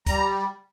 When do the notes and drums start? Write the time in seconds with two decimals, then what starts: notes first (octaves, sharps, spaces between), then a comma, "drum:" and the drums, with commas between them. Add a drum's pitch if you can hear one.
0.06 G3 A#5, drum: kick, hi-hat